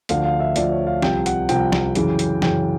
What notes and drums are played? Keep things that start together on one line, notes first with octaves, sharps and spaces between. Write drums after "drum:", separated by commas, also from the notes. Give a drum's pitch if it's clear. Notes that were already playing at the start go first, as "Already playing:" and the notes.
D2 D3 F3 F5, drum: hi-hat
F5
E5
D2 D3 F3 D5, drum: hi-hat
C#5
F5
C2 C3 F3 G5, drum: snare
F#5, drum: hi-hat
C2 C3 F3 G5, drum: hi-hat
drum: snare
F#2 C#3 E3, drum: hi-hat
drum: hi-hat
F#2 C#3 E3 G5, drum: snare